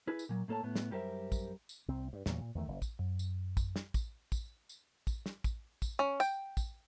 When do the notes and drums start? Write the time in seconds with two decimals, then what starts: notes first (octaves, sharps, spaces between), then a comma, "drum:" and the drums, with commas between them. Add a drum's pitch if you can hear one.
0.07 E4 G#4 B4
0.19 drum: tambourine
0.29 A#2 F#3
0.48 A2 A#3 A4 C#5 A5
0.63 A2 B3
0.75 drum: snare
0.90 F#2 G3 G4 A#4 C5 E5
1.32 drum: kick, tambourine
1.69 drum: tambourine
1.88 C2 C4
2.13 G2
2.26 E2 A#2 F#3, drum: snare
2.40 A#2
2.55 E2 D#3 A3
2.68 F#1
2.82 drum: kick, tambourine
2.99 F#2
3.19 drum: tambourine
3.57 drum: kick, tambourine
3.76 drum: snare
3.94 drum: kick, tambourine
4.32 drum: kick, tambourine
4.69 drum: tambourine
5.07 drum: kick, tambourine
5.26 drum: snare
5.44 drum: kick, tambourine
5.82 drum: kick, tambourine
5.99 C#4
6.20 G5, drum: tambourine
6.57 drum: kick, tambourine